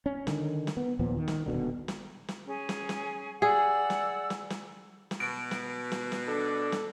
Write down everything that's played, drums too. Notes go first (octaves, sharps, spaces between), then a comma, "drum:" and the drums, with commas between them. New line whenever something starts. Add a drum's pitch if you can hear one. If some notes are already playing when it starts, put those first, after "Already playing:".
C#4
D3 D#3, drum: snare
drum: snare
B3
D#2 A#2 F3 B3
D#3
drum: snare
D#1 A#1 B2 D3
drum: snare
drum: snare
C#4 G#4
drum: snare
drum: snare
G#4 D5 F#5 E6
drum: snare
drum: snare
drum: snare
drum: snare
B2 D7
drum: snare
drum: snare
drum: snare
D4 A4
drum: snare